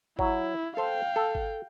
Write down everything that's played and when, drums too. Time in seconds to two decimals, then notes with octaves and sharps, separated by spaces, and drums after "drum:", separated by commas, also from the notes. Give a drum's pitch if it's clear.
0.19 F#3 E4, drum: kick
0.77 A4 C5 F5 G5
1.16 A4
1.35 drum: kick